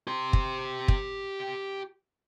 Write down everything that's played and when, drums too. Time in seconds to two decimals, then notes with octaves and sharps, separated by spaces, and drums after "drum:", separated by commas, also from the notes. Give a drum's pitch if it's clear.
0.07 G4 C6
0.33 drum: kick
0.88 drum: kick